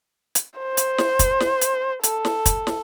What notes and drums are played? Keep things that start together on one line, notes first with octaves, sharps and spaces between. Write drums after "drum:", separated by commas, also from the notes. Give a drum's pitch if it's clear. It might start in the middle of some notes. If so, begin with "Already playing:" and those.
drum: hi-hat
C5
drum: hi-hat
drum: snare
drum: kick, hi-hat
drum: snare
drum: hi-hat
A4, drum: hi-hat
drum: snare
drum: kick, hi-hat
drum: snare